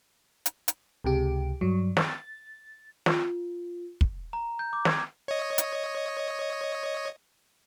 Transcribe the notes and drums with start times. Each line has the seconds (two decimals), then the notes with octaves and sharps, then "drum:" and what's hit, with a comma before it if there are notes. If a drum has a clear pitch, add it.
0.46 drum: hi-hat
0.68 drum: hi-hat
1.04 C#2 C3 G4
1.61 G2 F#3
1.97 A6, drum: snare
3.06 F4, drum: snare
4.01 drum: kick
4.33 A#5
4.59 G6
4.73 D6
4.85 G#6, drum: snare
5.28 C#5 D#5
5.58 drum: hi-hat